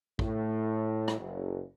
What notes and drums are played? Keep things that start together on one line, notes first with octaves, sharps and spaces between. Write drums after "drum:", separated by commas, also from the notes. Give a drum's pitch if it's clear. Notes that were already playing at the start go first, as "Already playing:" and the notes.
A2, drum: kick
drum: rim click
F#1